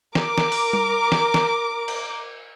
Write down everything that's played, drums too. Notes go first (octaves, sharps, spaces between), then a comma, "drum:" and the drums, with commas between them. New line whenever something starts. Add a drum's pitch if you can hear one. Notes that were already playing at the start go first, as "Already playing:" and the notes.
A#4 D6, drum: snare
drum: snare
drum: open hi-hat
drum: tom G3
drum: snare
drum: snare
drum: cymbal